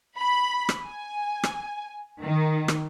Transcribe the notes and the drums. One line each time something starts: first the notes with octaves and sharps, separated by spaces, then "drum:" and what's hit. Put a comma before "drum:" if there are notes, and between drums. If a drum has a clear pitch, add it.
B5
drum: rim click
G#5
drum: rim click
D#3
drum: rim click